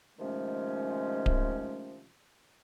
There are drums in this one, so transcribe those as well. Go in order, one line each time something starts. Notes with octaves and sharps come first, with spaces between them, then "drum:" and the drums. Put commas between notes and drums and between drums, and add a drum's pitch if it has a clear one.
C3 D#3 F3 G#3 A3 C#4
drum: kick D1